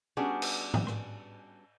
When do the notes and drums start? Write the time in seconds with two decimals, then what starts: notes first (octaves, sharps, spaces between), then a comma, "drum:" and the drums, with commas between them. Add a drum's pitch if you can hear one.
0.17 G3 B3 C#4 D4 F#4 G#4
0.42 drum: cymbal
0.74 drum: tom G#2
0.87 drum: rim click